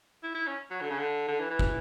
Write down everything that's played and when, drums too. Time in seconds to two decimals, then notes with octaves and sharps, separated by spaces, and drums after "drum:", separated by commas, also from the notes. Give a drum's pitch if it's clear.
0.23 E4
0.35 E4
0.47 C#4
0.71 F#3
0.81 D3
0.90 C#3
0.98 D3
1.28 D3
1.40 E3
1.50 E3
1.59 drum: kick